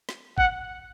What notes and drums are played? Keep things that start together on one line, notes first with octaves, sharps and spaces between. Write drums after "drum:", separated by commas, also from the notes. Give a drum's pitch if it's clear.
drum: snare
F#5, drum: kick